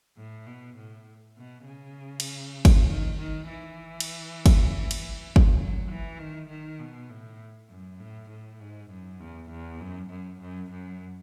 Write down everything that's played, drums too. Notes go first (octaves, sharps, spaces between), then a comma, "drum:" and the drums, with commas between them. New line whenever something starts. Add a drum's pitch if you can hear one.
A2
B2
A2
B2
C#3
drum: cymbal
drum: kick, cymbal
D#3
D#3
E3
drum: cymbal
drum: kick, cymbal
drum: cymbal
drum: kick
F#3
E3
D#3
D#3
B2
A2
F#2
A2
A2
G#2
F#2
E2
E2
F#2
F#2
F#2
F#2